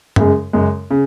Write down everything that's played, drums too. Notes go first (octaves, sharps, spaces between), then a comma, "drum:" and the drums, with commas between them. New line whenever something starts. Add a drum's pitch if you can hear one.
F#2 C#3 G#3, drum: tom G2
F#2 C#3 G#3
C#3